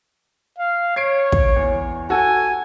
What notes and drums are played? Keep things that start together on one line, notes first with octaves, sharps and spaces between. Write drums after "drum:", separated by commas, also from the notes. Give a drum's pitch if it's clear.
F5
C#5 G#6 C7 D7
drum: kick
E2
F#4 A4 G#5